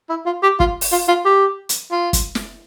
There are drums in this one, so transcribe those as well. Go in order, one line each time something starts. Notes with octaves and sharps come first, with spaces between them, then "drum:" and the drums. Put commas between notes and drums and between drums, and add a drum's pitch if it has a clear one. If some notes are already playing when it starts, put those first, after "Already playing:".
E4
F4
G4
F4, drum: kick
drum: open hi-hat
F4
F4
G4
drum: hi-hat
F4
drum: kick, hi-hat
drum: snare